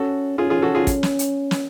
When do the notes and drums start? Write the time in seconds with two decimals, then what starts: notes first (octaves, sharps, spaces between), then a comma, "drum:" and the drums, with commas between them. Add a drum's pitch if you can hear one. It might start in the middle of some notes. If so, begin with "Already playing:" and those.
Already playing: C#4 F#4 A4
0.38 C#4 F4 G#4
0.50 F4 G#4
0.62 F#4 A4
0.75 F4 G#4
0.87 drum: kick, hi-hat
1.03 drum: snare
1.19 drum: hi-hat
1.51 drum: snare